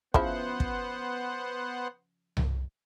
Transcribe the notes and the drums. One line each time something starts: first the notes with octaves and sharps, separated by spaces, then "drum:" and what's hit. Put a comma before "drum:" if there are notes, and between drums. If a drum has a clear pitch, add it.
C#3 F3 B3 E4 C5 F#5, drum: kick
drum: kick
drum: tom C2